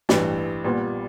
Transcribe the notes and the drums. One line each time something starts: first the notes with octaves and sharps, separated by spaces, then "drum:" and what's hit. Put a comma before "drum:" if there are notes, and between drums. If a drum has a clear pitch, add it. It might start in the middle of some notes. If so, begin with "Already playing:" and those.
A1 G2 E3, drum: snare
A#1 A#2 G3 B3